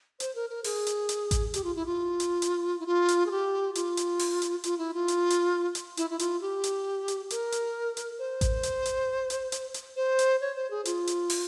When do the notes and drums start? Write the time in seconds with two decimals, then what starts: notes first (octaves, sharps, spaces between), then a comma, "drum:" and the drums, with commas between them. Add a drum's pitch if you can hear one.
0.20 C5, drum: hi-hat
0.35 A#4
0.50 A#4
0.64 G#4, drum: open hi-hat
0.87 drum: hi-hat
1.09 drum: hi-hat
1.31 drum: kick A1, hi-hat
1.54 G4, drum: hi-hat
1.64 F4
1.75 E4
1.86 F4
2.20 drum: hi-hat
2.42 drum: hi-hat
2.80 E4
2.86 F4
3.08 drum: hi-hat
3.26 G#4
3.31 G4
3.75 F4, drum: hi-hat
3.97 drum: hi-hat
4.19 drum: open hi-hat
4.42 drum: hi-hat
4.64 F4, drum: hi-hat
4.78 E4
4.94 F4
5.08 drum: hi-hat
5.30 drum: hi-hat
5.75 drum: hi-hat
5.97 E4, drum: hi-hat
6.10 E4
6.19 F4, drum: hi-hat
6.41 G4
6.64 drum: hi-hat
7.08 drum: hi-hat
7.30 A#4, drum: hi-hat
7.52 drum: hi-hat
7.97 drum: hi-hat
8.19 C5
8.41 drum: kick A1, hi-hat
8.63 drum: hi-hat
8.85 drum: hi-hat
9.30 drum: hi-hat
9.52 drum: hi-hat
9.74 drum: hi-hat
9.96 C5
10.19 drum: hi-hat
10.41 C#5
10.56 C5
10.71 G#4
10.85 F4, drum: hi-hat
11.07 drum: hi-hat
11.30 drum: open hi-hat